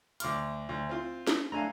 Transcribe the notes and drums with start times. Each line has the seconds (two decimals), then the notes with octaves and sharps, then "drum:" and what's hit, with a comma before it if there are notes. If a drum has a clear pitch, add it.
0.20 D2 D6 F6, drum: hi-hat
0.69 D2
0.89 C4 F4
1.27 drum: snare
1.52 A3 D4 F5 G#5 A#5